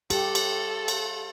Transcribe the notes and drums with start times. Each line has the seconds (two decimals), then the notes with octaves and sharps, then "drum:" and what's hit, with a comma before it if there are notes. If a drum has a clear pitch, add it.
0.10 G4 A4, drum: cymbal
0.35 drum: cymbal
0.88 drum: cymbal